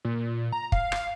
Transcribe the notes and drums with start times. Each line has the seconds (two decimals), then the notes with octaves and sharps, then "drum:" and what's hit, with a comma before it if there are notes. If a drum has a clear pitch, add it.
0.05 A#2
0.52 A#5
0.72 F5, drum: kick
0.92 drum: rim click